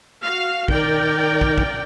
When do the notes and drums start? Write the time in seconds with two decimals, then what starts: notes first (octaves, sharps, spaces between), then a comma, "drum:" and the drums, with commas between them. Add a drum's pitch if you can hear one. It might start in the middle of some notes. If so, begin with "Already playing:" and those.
0.22 F#4 F5
0.68 D#3 A#4 D5 G5, drum: kick
1.41 drum: kick
1.58 drum: kick